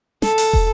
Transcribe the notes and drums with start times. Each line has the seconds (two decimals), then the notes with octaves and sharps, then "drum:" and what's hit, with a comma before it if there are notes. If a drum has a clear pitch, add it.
0.22 A4, drum: snare
0.38 drum: open hi-hat
0.53 drum: kick